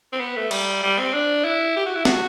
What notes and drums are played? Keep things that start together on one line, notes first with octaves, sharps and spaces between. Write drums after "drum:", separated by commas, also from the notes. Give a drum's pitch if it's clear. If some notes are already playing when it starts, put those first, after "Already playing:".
C4
B3
A3
G3, drum: cymbal
G3
C4
D4
E4
G4
F#4
E4
F#4, drum: snare